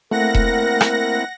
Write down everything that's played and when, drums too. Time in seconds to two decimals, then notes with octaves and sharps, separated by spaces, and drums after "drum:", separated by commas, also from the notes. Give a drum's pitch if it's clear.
0.11 A3 A#3 C4 E4 A#4 F#5 A#6
0.34 drum: kick E1
0.81 drum: rim click